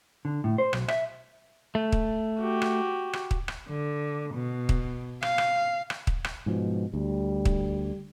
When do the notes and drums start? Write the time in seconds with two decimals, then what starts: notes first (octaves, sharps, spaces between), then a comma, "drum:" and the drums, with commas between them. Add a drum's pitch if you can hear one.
0.25 D3
0.44 A2
0.58 C5
0.73 B1, drum: rim click
0.88 E5, drum: rim click
1.75 A3
1.92 drum: kick
2.39 F#4 G4
2.62 drum: rim click
3.13 drum: rim click
3.31 drum: kick
3.48 drum: rim click
3.69 D3
4.35 B2
4.69 drum: kick
5.23 F5, drum: rim click
5.38 drum: rim click
5.90 drum: rim click
6.07 drum: kick
6.24 drum: rim click
6.46 G#2 B2 F3
6.94 D2 G3
7.45 drum: kick